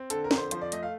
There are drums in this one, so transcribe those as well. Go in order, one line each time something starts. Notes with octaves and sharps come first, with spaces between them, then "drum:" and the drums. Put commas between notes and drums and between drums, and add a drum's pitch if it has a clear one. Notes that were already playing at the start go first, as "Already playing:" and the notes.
Already playing: C4
D3 A4, drum: hi-hat
A#4
F2, drum: snare
C5
F3 C5, drum: hi-hat
D5
A3 D#5, drum: hi-hat
F5